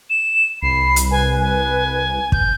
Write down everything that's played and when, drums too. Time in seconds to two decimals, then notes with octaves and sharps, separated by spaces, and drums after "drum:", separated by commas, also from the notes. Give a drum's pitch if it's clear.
0.10 E7
0.62 C2 B5 C7
0.96 drum: hi-hat
1.11 B4 G#5
1.40 G#5
2.32 G6, drum: kick